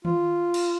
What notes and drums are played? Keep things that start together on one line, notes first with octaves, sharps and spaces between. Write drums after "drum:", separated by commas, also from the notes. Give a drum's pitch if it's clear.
F4, drum: tom D#3
drum: cymbal